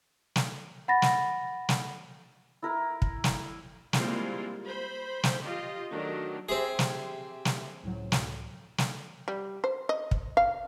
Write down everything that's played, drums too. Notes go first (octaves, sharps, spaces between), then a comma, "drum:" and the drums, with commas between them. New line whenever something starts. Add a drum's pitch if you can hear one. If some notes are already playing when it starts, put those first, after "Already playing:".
drum: snare
F#5 B5 A6 A#6
drum: snare
drum: snare
E4 A#4
drum: kick
drum: snare
G3 G#3 A#3 C4 E4 F4, drum: snare
C5 B5
drum: snare
F4 G4 D#5
D#3 F#3 A3 D4
C4 G4 G#4 E5 C6
drum: snare
drum: snare
C#2 A2 F#3
drum: snare
drum: snare
G3
C5
D#5
drum: kick
F5